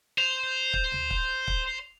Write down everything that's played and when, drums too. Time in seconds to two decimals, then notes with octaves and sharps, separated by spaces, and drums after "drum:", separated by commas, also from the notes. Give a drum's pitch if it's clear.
0.18 C5 F7
0.73 drum: kick
0.92 drum: tom D2
1.10 drum: kick
1.48 drum: kick